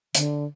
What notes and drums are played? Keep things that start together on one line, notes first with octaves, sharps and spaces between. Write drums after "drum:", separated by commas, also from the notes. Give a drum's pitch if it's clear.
D3, drum: hi-hat